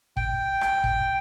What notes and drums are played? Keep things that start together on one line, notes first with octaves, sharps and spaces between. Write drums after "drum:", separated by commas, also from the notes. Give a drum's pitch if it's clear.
G5, drum: kick
drum: rim click
drum: kick